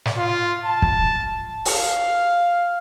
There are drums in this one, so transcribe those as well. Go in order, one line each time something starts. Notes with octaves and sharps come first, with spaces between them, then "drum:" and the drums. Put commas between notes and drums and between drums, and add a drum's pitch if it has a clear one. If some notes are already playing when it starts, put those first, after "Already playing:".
drum: snare
F4
A5
drum: kick
F5, drum: open hi-hat